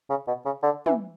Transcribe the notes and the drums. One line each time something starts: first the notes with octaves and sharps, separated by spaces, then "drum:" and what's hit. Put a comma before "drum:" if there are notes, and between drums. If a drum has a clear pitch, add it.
C#3
B2
C#3
D3
E3, drum: tom